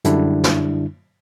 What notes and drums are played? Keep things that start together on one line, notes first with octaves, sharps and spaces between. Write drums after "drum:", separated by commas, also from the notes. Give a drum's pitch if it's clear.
F#2 D3 G3 D4 E4, drum: hi-hat
drum: snare